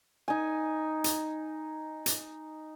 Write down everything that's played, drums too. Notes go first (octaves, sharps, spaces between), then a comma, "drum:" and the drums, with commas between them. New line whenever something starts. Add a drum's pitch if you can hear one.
D#4 G#5
drum: hi-hat
drum: hi-hat